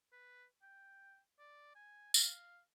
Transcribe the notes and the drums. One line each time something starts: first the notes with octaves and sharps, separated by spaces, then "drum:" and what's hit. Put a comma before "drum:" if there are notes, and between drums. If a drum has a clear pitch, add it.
B4
G5
D5
G#5
F5, drum: tambourine